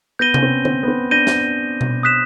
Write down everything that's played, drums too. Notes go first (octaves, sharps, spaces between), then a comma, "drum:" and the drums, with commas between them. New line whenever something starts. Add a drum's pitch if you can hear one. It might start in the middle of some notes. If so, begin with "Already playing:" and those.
B3 G6 A#6 D#7 G7
C#4, drum: tom C3
C4
C4, drum: tom D3
B3
C4
D4 G6 A#6 D#7 G7
drum: snare
drum: tom B2
D#6 F#6 B6 E7